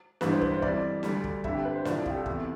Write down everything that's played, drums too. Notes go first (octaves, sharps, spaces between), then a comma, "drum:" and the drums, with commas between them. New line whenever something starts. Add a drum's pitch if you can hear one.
A1 G2 E3 G3 B4, drum: snare
C5
B4, drum: kick
C5
F2 E3 G3 D5, drum: kick
D2 D3 G3, drum: snare
drum: kick
G1 F2 D3 E5, drum: kick
G4
B4
C5
C2 C3 F3 D5, drum: snare
E4
F4 G4, drum: kick
A4
E2 C3, drum: kick